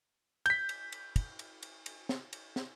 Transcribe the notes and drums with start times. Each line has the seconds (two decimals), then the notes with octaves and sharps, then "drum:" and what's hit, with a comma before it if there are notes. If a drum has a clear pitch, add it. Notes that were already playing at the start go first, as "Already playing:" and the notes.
0.46 G6 B6, drum: cymbal
0.69 drum: cymbal
0.92 drum: cymbal
1.16 drum: kick, cymbal
1.39 drum: cymbal
1.63 drum: cymbal
1.86 drum: cymbal
2.09 drum: snare
2.33 drum: cymbal
2.56 drum: snare